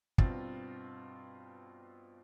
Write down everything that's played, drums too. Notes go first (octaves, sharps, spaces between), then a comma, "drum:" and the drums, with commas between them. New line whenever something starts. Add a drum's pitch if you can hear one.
G2 B2 C4 F4 A6, drum: kick